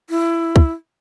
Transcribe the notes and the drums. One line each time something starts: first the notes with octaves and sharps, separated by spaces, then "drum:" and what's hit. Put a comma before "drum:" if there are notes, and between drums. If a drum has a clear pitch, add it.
E4
drum: kick